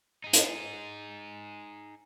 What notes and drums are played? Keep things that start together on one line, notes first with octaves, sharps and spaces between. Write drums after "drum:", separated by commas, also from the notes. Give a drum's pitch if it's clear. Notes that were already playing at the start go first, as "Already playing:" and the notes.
D#4 G#4
drum: hi-hat